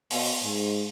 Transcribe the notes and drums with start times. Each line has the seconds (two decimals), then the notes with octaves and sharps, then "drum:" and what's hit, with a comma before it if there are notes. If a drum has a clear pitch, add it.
0.10 B2, drum: open hi-hat
0.43 G#2